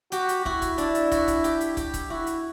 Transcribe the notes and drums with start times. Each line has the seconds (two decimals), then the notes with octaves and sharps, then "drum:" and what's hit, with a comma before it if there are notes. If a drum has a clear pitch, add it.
0.12 F#4 G4, drum: hi-hat
0.29 drum: hi-hat
0.45 E4 F#4, drum: kick
0.62 drum: kick, hi-hat
0.78 D4, drum: hi-hat
0.95 drum: hi-hat
1.12 F#4, drum: kick, hi-hat
1.28 drum: kick, hi-hat
1.44 G4, drum: hi-hat
1.61 drum: hi-hat
1.77 G4, drum: kick, hi-hat
1.94 drum: kick, hi-hat
2.10 E4 F#4
2.27 drum: hi-hat